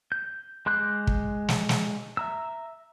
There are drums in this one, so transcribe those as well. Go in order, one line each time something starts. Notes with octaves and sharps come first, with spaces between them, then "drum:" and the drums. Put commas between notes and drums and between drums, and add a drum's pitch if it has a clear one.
G6
G#3 C6 D6 F#6 G6
drum: kick
drum: snare
drum: snare
E5 A#5 E6